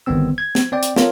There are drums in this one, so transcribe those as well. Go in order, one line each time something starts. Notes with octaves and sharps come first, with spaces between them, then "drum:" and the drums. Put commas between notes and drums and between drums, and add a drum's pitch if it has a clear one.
G1 D#3 G3 B3 C4 E6
G#6
drum: snare
C4 D5 G5
drum: hi-hat
F4 A4 A#4 C#5, drum: snare